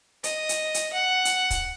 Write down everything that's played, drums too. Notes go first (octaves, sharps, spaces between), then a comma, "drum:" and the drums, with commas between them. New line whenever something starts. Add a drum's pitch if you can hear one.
D#5, drum: hi-hat
drum: hi-hat
drum: hi-hat
F#5
drum: hi-hat
drum: kick, hi-hat